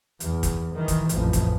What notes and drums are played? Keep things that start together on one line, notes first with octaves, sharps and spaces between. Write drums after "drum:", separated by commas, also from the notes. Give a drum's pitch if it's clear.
E2, drum: hi-hat
drum: kick, hi-hat
D#3 E3
drum: kick, hi-hat
A1 F2, drum: hi-hat
drum: kick, hi-hat